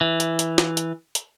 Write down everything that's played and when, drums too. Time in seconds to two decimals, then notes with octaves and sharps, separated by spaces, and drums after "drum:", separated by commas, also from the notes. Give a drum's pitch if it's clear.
0.01 E3
0.20 drum: hi-hat
0.39 drum: hi-hat
0.58 drum: snare
0.77 drum: hi-hat
1.15 drum: hi-hat